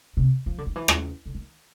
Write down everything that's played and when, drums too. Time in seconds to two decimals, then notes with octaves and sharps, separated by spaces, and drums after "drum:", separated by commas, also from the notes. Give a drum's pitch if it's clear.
0.17 C3
0.46 F3
0.58 D3
0.66 D#3
0.76 E3
0.88 drum: rim click
1.26 D3
1.35 D#3